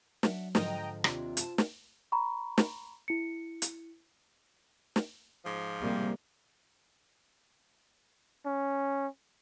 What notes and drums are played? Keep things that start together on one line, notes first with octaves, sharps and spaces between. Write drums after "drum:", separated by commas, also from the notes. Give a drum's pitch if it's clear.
F#3 D4 E5 F#5, drum: snare
G#2 D3 F3 D#5 G5 A#5, drum: snare
D#2 C3 D4 F4, drum: rim click
C4 A5, drum: hi-hat
drum: snare
A#5 B5 C#6
drum: snare
E4 C#7
drum: hi-hat
drum: snare
G#2 F3
C3 G3 A#3
C#4